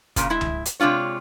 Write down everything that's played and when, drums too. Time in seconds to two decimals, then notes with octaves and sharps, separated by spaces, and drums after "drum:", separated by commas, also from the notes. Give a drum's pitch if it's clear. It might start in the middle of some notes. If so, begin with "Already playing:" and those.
0.16 A#2 C#3, drum: kick, hi-hat
0.30 G#3 E4 E5
0.41 drum: tom C#2
0.65 drum: hi-hat
0.80 C3 G#3 D4 F4 C#5